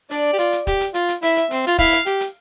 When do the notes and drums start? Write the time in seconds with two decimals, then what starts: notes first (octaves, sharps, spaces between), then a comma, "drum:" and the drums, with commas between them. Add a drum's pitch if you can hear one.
0.11 D4 D5, drum: hi-hat
0.33 G4
0.38 F4, drum: hi-hat
0.53 drum: hi-hat
0.67 G4, drum: kick, hi-hat
0.81 drum: hi-hat
0.94 F4, drum: hi-hat
1.09 drum: hi-hat
1.23 E4 E5, drum: hi-hat
1.37 drum: hi-hat
1.51 C4, drum: hi-hat
1.67 F4, drum: hi-hat
1.79 E4 F5, drum: kick, hi-hat
1.92 drum: hi-hat
2.06 G4, drum: hi-hat
2.20 drum: hi-hat